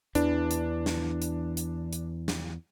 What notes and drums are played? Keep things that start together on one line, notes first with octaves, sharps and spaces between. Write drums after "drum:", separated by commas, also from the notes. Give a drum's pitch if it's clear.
E2 E3 D4, drum: hi-hat
drum: hi-hat
drum: snare
drum: hi-hat
drum: hi-hat
drum: hi-hat
drum: snare